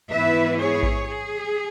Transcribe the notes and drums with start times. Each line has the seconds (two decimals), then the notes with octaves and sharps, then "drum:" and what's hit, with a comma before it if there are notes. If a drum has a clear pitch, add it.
0.11 G#2 E3 B3 E4 B4 E5
0.59 G#4 C#5
0.83 drum: kick A1
1.07 G#4